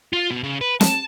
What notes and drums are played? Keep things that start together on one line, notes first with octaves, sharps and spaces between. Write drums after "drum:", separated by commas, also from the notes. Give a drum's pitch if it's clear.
F4
B2
C#3
B4
A5, drum: snare